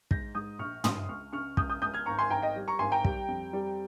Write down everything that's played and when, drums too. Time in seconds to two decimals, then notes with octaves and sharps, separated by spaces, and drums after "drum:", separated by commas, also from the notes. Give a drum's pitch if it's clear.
0.11 G#2 G6 A#6, drum: kick
0.35 G#2 D#6 G6
0.59 A#1 C#6 F6
0.84 A#1 C6 D#6, drum: tom
1.09 C#2 C#6 F6
1.33 C#3 C#6 F6
1.57 C#2 D#6 G6, drum: kick
1.70 D#6 G6
1.82 C#2 D#6 G6
1.94 F6 G#6
2.06 G#1 A#5 C#6
2.19 G#5 C6
2.30 G#1 G5 A#5
2.42 D#5 G5
2.56 G3
2.68 A#5 C#6
2.79 G#1 G#5 C6
2.92 G5 A#5
3.05 G3, drum: kick
3.28 F2
3.53 G3